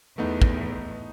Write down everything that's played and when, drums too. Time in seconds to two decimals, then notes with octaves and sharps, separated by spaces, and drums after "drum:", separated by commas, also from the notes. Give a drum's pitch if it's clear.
0.18 E2 A3 B3 D#4
0.42 drum: kick